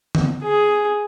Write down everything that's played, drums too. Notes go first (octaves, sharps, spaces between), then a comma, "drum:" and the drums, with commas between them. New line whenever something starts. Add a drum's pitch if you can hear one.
drum: tom D3
G#4